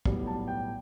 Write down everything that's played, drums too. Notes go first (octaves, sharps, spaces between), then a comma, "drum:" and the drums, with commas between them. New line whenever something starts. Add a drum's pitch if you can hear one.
B1 A2 G3 B3, drum: kick
A5
G5